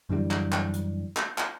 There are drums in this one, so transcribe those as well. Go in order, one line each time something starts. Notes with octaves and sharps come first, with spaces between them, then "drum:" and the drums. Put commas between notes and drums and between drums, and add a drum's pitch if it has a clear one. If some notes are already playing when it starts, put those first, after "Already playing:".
F#2 D3 E3 G3
drum: clap
drum: clap
drum: hi-hat
drum: clap
drum: clap